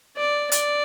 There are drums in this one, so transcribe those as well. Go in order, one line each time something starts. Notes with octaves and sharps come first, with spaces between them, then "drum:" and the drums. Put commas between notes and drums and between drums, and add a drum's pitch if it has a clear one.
D5
D5, drum: hi-hat